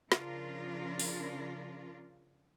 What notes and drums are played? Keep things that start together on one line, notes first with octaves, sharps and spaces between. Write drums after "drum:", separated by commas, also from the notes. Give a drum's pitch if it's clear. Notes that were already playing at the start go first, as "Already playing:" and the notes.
C#3 F3 D4 F4 A#4, drum: snare
drum: open hi-hat